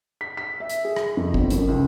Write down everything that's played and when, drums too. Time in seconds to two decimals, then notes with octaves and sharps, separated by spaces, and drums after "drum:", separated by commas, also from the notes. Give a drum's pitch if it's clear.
0.21 B6
0.37 B6
0.60 E5
0.69 drum: hi-hat
0.85 G#4
0.96 drum: rim click
1.17 F2
1.34 G1, drum: kick G1
1.50 F#2, drum: hi-hat
1.68 C#2